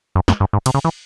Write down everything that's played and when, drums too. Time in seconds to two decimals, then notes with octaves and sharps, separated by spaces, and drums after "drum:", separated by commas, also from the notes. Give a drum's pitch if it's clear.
0.15 F#2
0.28 F#2, drum: snare
0.40 G2
0.53 G#2
0.66 C3, drum: cymbal
0.74 C#3
0.85 E3